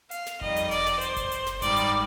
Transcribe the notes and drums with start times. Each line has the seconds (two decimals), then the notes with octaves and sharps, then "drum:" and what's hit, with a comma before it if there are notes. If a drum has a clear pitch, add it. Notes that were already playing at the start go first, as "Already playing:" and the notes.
0.11 F5, drum: hi-hat
0.26 drum: snare
0.41 F2 D#3 G3 D#5, drum: kick F#1
0.56 drum: hi-hat
0.71 D5, drum: open hi-hat
0.86 drum: snare
1.01 C5, drum: hi-hat
1.16 drum: kick F#1, hi-hat
1.32 drum: hi-hat
1.47 drum: snare
1.62 G#2 D#3 G3 D5, drum: kick F#1, hi-hat
1.77 drum: hi-hat